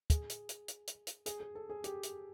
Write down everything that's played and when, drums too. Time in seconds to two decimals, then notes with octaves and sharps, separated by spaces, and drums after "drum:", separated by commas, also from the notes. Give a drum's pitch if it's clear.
0.10 G#4, drum: kick, hi-hat
0.30 drum: hi-hat
0.49 drum: hi-hat
0.68 drum: hi-hat
0.87 drum: hi-hat
1.07 drum: hi-hat
1.26 G#4, drum: hi-hat
1.40 G#4
1.55 A4
1.70 G#4
1.84 G4, drum: hi-hat
2.03 drum: hi-hat